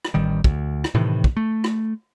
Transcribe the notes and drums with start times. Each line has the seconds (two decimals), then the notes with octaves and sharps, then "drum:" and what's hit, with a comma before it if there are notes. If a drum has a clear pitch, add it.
0.05 drum: rim click
0.14 A1 D#3 G3
0.44 D2, drum: kick
0.84 drum: rim click
0.95 A2 C3 D#3 E3
1.24 drum: kick
1.37 A3
1.64 drum: rim click